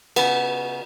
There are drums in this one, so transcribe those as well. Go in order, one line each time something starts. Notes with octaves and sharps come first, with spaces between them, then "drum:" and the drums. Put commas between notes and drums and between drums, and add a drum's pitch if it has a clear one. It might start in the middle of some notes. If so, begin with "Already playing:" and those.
C#3 B3, drum: cymbal